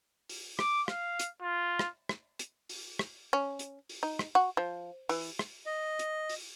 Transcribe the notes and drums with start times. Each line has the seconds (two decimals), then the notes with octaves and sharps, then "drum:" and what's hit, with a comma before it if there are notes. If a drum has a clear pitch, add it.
0.29 drum: open hi-hat
0.59 D6, drum: rim click
0.88 F5, drum: rim click
1.19 drum: hi-hat
1.42 F4
1.79 drum: rim click
2.09 drum: rim click
2.39 drum: hi-hat
2.69 drum: open hi-hat
2.99 drum: rim click
3.33 C#4
3.59 drum: hi-hat
3.89 drum: open hi-hat
4.03 D#4
4.19 drum: rim click
4.35 F#4
4.57 F3
5.09 E3, drum: open hi-hat
5.39 drum: rim click
5.66 D#5
5.99 drum: hi-hat
6.29 drum: open hi-hat